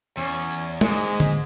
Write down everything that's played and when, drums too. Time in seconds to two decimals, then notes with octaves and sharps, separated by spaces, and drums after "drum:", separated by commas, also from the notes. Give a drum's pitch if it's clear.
0.17 E2 C#4
0.81 G#2 G#3, drum: tom
1.20 drum: tom D3